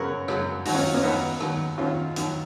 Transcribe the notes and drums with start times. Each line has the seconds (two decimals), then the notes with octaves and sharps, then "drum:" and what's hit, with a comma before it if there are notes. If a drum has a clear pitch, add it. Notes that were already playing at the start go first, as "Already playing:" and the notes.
Already playing: F#2 C#3 F#3 A#4 B4 C#5
0.28 F#2 C#3 F#3, drum: rim click
0.65 D#2 D#3 F#3 D#4 F#4, drum: open hi-hat
0.74 C#4 F4
0.94 A#3 C#4
1.03 D#2 D#3 F#3 B3 D#4
1.40 D#2 D#3 F#3, drum: rim click
1.78 D#2 D#3 F#3 C#4 F4
2.16 D#2 D#3 F#3, drum: hi-hat